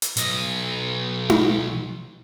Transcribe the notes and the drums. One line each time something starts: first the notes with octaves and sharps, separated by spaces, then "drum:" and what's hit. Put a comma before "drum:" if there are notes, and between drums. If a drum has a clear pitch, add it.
drum: hi-hat
B1 D#5, drum: hi-hat
drum: tom D#4